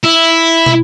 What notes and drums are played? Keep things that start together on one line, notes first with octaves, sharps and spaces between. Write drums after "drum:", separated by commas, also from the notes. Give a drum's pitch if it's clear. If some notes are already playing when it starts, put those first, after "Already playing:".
E4
drum: tom